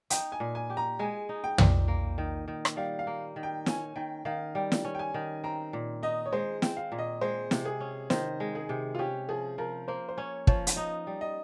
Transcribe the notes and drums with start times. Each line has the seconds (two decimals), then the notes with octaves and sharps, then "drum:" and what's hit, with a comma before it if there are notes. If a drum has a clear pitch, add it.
0.10 D#4 G5, drum: hi-hat
0.32 G#5
0.40 A#2
0.55 G#5
0.70 G4
0.77 A#5
0.99 G#3 G#5
1.29 D#4
1.44 G5
1.58 A#2, drum: tom
1.88 A#3
2.18 D#3
2.48 D#3
2.65 drum: rim click
2.77 G3 F5
2.99 F5
3.07 A#3
3.36 D#3
3.43 G5
3.66 C#4 G#5, drum: snare
3.96 D#3 G5
4.25 D#3 F5
4.55 G3 G5
4.72 drum: snare
4.85 C#4
4.95 G5
4.99 G#5
5.14 D#3
5.44 C4 A#5
5.73 A#2
6.03 D#4 D#5
6.26 C#5
6.32 G#3 C5
6.62 C4, drum: snare
6.77 F5
6.92 A#2
6.99 D#5
7.21 G#3 C5
7.51 C3, drum: snare
7.65 G#4
7.80 C#4
8.10 D#3 C5, drum: snare
8.40 G#3
8.55 G#4
8.69 C3
8.95 F4
8.99 C#4 G4
9.29 F3 G#4
9.58 F3 A#4
9.88 A#3 C5
10.09 C5
10.17 C#4 C#5
10.47 F3 C#5, drum: kick
10.67 drum: hi-hat
10.77 D#4 D#5
11.07 G3
11.21 D#5